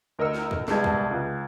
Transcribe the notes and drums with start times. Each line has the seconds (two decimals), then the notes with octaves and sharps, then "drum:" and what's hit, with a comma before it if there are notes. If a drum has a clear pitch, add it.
0.19 D2 A#4 D#5 E6 C#7
0.34 drum: snare
0.51 drum: kick
0.68 C2 G#3 B3 A5 G#6, drum: snare
0.84 drum: kick
1.11 C#2